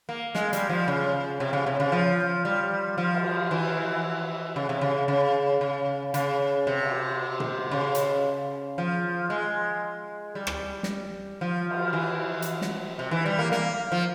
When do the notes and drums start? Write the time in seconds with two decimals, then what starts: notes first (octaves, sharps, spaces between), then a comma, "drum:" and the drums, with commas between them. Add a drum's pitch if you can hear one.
0.09 A#3
0.35 G#3, drum: snare
0.53 G3, drum: hi-hat
0.70 F3
0.88 C#3
1.40 C3
1.53 C#3
1.66 C3
1.80 C#3
1.92 F3
2.45 G3
2.98 F3
3.14 drum: cymbal
3.51 E3
4.56 C#3
4.69 C3
4.81 C#3
5.08 C#3
5.61 C#3
6.14 C#3, drum: hi-hat
6.67 C3
6.83 drum: cymbal
7.40 drum: tom A#2
7.71 C#3
7.95 drum: hi-hat
8.78 F3
9.30 G#3
10.35 G3
10.47 drum: rim click
10.83 drum: snare
11.41 F3
11.71 drum: cymbal
11.93 E3
12.42 drum: hi-hat
12.62 drum: snare
12.99 C3
13.11 E3
13.26 G3
13.39 A#3
13.52 A#3, drum: snare
13.92 F3